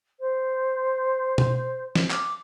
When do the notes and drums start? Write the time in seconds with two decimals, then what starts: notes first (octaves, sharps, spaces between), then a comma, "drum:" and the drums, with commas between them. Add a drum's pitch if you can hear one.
0.20 C5
1.38 drum: tom B2
1.95 drum: snare
2.11 D6, drum: clap